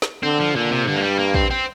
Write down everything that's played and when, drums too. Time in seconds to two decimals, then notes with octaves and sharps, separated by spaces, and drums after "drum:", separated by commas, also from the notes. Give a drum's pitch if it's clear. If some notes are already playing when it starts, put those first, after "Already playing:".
0.02 drum: snare
0.23 D3 C4
0.40 F3
0.56 A#2 D3
0.71 C3
0.87 G2 D3
0.96 A#3
1.02 G3
1.19 A#3
1.34 C4, drum: kick
1.50 C4